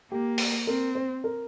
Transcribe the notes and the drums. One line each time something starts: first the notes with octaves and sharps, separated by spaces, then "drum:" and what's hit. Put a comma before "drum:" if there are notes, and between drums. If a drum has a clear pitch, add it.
A#3 G4
drum: open hi-hat
C4 A#4
C5
A#4